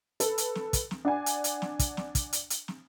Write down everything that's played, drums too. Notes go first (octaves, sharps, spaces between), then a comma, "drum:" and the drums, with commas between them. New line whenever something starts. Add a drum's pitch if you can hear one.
A4 B4, drum: hi-hat
drum: hi-hat
drum: snare
drum: kick, hi-hat
drum: snare
D4 F#5 G#5
drum: hi-hat
drum: hi-hat
drum: snare
drum: kick, hi-hat
drum: snare
drum: kick, hi-hat
drum: hi-hat
drum: hi-hat
drum: snare